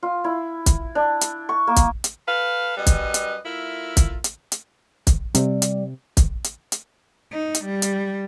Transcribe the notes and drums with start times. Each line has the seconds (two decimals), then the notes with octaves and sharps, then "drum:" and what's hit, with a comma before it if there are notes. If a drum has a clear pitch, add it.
0.03 F4
0.24 E4
0.66 drum: kick, hi-hat
0.95 D4
1.21 drum: hi-hat
1.49 C#6
1.67 A#3
1.76 drum: kick, hi-hat
2.04 drum: hi-hat
2.27 A4 B4 F5
2.77 F#2 G3 B4 D#5
2.87 drum: kick, hi-hat
3.14 drum: hi-hat
3.45 A3 E4 F4 A#4
3.97 drum: kick, hi-hat
4.24 drum: hi-hat
4.52 drum: hi-hat
5.07 drum: kick, hi-hat
5.35 C3 G3, drum: hi-hat
5.62 drum: hi-hat
6.17 drum: kick, hi-hat
6.44 drum: hi-hat
6.72 drum: hi-hat
7.31 D#4
7.55 drum: hi-hat
7.64 G3
7.82 drum: hi-hat